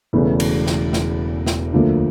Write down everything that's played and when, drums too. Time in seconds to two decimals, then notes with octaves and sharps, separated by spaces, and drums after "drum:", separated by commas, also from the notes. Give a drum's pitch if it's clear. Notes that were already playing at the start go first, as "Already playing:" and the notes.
0.13 E1 E2 C#3 E3 A3
0.40 drum: cymbal
0.66 drum: snare
0.93 drum: snare
1.46 drum: snare
1.73 D2 D3 F3 A#3 D4